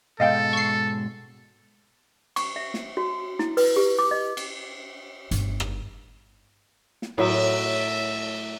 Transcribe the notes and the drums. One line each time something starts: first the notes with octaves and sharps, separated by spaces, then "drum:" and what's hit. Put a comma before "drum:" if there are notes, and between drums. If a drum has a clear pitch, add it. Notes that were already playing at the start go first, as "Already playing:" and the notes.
G#2 B2 G#3 A4 D#5 F5 G5
C#6 C7
C#6, drum: cymbal
E5
drum: snare
F#4
E4, drum: snare
B4, drum: open hi-hat
G4
D6
D#5
drum: cymbal
G1, drum: hi-hat
drum: rim click
drum: snare
A2 F#3 E5, drum: cymbal